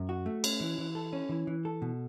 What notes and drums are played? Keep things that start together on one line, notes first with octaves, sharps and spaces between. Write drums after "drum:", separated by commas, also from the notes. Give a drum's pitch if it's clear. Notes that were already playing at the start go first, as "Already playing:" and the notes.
Already playing: F#2
F#4
A3
C#4, drum: cymbal
E3
E3
A4
C#4
E3
E3
A4
B2